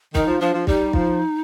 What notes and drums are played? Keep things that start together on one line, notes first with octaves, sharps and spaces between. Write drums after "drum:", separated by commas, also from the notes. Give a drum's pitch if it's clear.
D#3 D#4, drum: kick
F3
F3 D4
F3
G3 D#4, drum: kick
F3, drum: kick